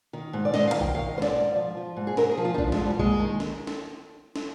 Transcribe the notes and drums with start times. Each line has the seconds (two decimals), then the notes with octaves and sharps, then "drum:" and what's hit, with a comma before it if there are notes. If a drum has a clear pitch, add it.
0.13 D#3
0.33 G#2
0.45 D5
0.54 G#2 D#5, drum: snare
0.68 F5
0.74 D#3
0.81 G5, drum: kick A#1
0.95 D#3 F5
1.08 D#5
1.15 G#2 C5
1.22 D5, drum: snare
1.36 G#2
1.56 F3
1.77 F3
1.97 G#2
2.07 G#4
2.17 G#2 A#4, drum: snare
2.31 G#4
2.37 F3
2.45 F4
2.54 D#4
2.58 F3 D4, drum: kick A#1
2.72 G#3, drum: snare
2.79 G#2
2.86 G3
2.99 D#2 G#3, drum: kick A#1
3.19 D#3
3.40 drum: snare
3.67 drum: snare
4.36 drum: snare